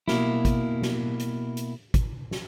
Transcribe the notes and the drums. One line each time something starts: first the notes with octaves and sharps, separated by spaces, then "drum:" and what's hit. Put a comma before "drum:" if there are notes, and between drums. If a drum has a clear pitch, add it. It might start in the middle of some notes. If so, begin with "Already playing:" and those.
B2 A#3 E4, drum: snare
drum: kick, hi-hat
drum: snare
drum: hi-hat
drum: hi-hat
drum: kick, hi-hat
drum: snare